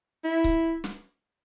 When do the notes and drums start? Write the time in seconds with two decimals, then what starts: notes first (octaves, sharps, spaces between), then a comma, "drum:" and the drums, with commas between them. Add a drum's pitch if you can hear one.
0.25 E4
0.44 drum: kick C#1
0.84 drum: snare